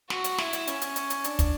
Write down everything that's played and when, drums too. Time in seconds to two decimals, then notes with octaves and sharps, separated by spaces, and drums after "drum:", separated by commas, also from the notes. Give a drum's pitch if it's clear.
0.10 F#4, drum: snare
0.24 drum: hi-hat
0.38 E4, drum: snare
0.53 drum: hi-hat
0.67 C#4, drum: hi-hat
0.82 drum: hi-hat
0.96 drum: hi-hat
1.10 drum: hi-hat
1.24 D4, drum: hi-hat
1.39 drum: kick, hi-hat